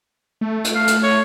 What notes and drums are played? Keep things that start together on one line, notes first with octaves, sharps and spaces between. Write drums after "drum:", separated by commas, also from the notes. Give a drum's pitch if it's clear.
A3
drum: hi-hat
A3 F5
drum: hi-hat
C#5